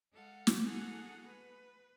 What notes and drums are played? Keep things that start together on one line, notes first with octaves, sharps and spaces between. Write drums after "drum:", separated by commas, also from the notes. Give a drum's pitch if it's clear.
G#3 A4 F5 F#5
drum: snare
F#4 G#4 A4 F#5 G#5 A#5
B4